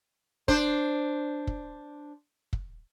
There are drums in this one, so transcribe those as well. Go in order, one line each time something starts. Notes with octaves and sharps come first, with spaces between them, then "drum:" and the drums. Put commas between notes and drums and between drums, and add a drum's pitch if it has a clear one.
D4 C5, drum: kick
drum: kick
drum: kick